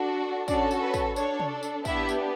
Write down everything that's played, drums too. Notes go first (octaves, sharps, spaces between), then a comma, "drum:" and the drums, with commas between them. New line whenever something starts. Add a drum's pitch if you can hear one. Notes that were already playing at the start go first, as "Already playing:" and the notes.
Already playing: D4 F#4 A4
C#4 D4 F#4 A4 D5, drum: kick, tambourine
drum: tambourine
B4
drum: kick, tambourine
D4 A4 C#5, drum: tambourine
drum: tom C3
drum: tambourine
B3 D4 E4 G4 E5, drum: kick, tambourine
drum: tambourine